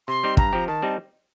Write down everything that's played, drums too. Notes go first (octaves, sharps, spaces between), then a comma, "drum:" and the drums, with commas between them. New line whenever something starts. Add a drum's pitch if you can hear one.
C3 C6
G3 C4 D#4 G4
G2 A#5, drum: kick
F3 C4 G4
D#3 A5
G3 C4 D#4